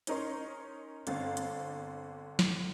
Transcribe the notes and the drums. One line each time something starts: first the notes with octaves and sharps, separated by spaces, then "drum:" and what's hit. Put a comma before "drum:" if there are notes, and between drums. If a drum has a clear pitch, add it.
C#4 D#4 A#4 C#5 C6, drum: hi-hat
G1 D3 C4 F5 A6, drum: hi-hat
drum: hi-hat
drum: snare